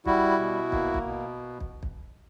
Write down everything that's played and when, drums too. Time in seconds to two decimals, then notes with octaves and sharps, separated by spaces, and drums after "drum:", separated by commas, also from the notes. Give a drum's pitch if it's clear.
0.05 G3 E4 F#4, drum: kick
0.38 B2
0.72 A#3, drum: kick
0.94 drum: kick
1.05 B2
1.60 drum: kick
1.83 drum: kick